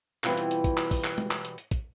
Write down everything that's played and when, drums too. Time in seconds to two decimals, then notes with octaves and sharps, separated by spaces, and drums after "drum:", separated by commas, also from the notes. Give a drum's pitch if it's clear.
0.24 B2 E3 G3 C4 E4 F4, drum: clap
0.38 drum: hi-hat
0.51 drum: hi-hat
0.64 drum: kick, hi-hat
0.78 drum: clap
0.91 drum: kick, open hi-hat
1.04 drum: clap
1.18 drum: tom
1.31 drum: clap
1.45 drum: hi-hat
1.58 drum: hi-hat
1.71 drum: kick, hi-hat